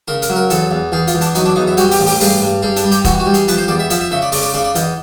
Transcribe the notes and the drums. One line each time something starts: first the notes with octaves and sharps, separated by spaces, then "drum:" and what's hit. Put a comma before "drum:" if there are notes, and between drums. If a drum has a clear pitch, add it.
C#3 A#4
A#4, drum: hi-hat
F#3
A#4
E2 A4, drum: hi-hat
E2
E2 G#4
F4, drum: hi-hat
E2
D4, drum: hi-hat
F#3 D#4, drum: hi-hat
D4
E2 D#4
E4
G3 F#4, drum: hi-hat
G4, drum: open hi-hat
A1
G4, drum: open hi-hat
G2 G#4, drum: open hi-hat
G2
G3 G#4
D4, drum: hi-hat
G3
G4, drum: hi-hat
E3 F#4, drum: kick, hi-hat
F#4
G3
G#4, drum: hi-hat
F3 B4, drum: hi-hat
C5
E2 D5
E5
F3 E5, drum: hi-hat
E5
C#3 E5
D5
C#3 D5, drum: open hi-hat
D5
C#3 D5
D5
E2 D#5, drum: hi-hat